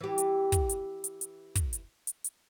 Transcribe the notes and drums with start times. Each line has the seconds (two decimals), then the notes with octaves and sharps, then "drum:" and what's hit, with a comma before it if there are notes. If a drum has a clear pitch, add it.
0.01 E3 G4
0.18 drum: hi-hat
0.52 drum: kick, hi-hat
0.69 drum: hi-hat
1.04 drum: hi-hat
1.21 drum: hi-hat
1.55 drum: kick, hi-hat
1.73 drum: hi-hat
2.07 drum: hi-hat
2.24 drum: hi-hat